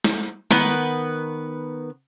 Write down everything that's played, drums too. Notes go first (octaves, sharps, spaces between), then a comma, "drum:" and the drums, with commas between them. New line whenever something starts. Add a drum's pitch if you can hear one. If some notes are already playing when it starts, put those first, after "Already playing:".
drum: snare
D#3 B3 B4, drum: snare